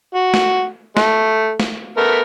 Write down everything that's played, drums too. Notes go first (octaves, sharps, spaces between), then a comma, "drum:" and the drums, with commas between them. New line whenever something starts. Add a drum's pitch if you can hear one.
F#4
drum: snare
A3, drum: snare
drum: snare
A3 B3 A#4